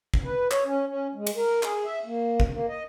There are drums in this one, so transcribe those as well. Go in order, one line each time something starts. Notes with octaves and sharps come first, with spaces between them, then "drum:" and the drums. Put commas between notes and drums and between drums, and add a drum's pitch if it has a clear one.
drum: kick
B4
C#5, drum: clap
C#4
C#4
G#3
drum: cymbal
A#4
G#4, drum: clap
E5
A#3
drum: kick
A#3
D#5